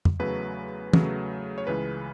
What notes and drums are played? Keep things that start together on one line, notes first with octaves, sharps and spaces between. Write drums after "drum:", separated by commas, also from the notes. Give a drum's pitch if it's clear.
drum: tom F2
E2 C#3 F#3 A3 B4
E2 C#3 F#3 A3, drum: tom
C#5
C#2 C#3 E3 G#3 B4